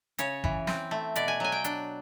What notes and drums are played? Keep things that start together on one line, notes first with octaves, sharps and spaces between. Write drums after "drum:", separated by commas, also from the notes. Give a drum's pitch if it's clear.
C#3 C#5, drum: hi-hat
E3, drum: kick G1
C4, drum: snare
A3
B2 D5, drum: hi-hat
G#5
F#3 G#5
G5
D4, drum: hi-hat